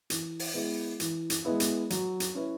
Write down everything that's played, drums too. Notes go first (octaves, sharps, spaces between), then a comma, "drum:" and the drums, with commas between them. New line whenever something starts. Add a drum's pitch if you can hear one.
E3, drum: hi-hat
drum: open hi-hat
G#3 B3 E4
E3, drum: hi-hat
drum: hi-hat
G#3 B3 E4
drum: hi-hat
F#3, drum: hi-hat
drum: hi-hat
C#4 E4 B4